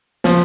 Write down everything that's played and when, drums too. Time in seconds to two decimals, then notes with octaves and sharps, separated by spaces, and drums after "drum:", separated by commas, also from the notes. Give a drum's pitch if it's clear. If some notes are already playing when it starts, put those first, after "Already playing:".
0.24 F3, drum: snare